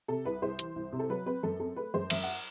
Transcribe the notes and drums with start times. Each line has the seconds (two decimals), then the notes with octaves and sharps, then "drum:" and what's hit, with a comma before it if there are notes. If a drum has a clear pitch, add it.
0.08 C3 A4
0.25 C2 B4
0.42 C2 C5
0.59 E3, drum: hi-hat
0.76 C2
0.93 C3
0.99 A4
1.09 F#3 B4
1.26 C4 B4
1.43 F#2 A4
1.60 C4 A4
1.76 A3 B4
1.94 F#2 C5
2.10 F#2 E5, drum: cymbal
2.23 F#5